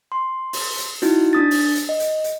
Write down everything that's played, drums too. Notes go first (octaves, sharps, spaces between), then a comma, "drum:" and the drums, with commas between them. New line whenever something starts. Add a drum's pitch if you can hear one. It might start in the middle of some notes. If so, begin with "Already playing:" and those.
C6
drum: open hi-hat
drum: hi-hat
D#4 E4 F#4, drum: hi-hat
D4 D#6 A6
drum: open hi-hat
drum: hi-hat
D#5
drum: hi-hat
drum: hi-hat